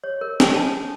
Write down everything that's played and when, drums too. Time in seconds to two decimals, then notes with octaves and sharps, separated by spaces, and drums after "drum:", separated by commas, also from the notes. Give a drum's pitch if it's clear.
0.04 C#5
0.21 A#4
0.40 G#5, drum: snare
0.54 A5
0.67 C#4